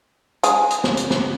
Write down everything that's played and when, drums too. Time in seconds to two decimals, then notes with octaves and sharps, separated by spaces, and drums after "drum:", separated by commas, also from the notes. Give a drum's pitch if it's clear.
0.43 G#3 G#4, drum: hi-hat
0.70 drum: hi-hat
0.84 drum: snare
0.97 drum: hi-hat
1.10 drum: snare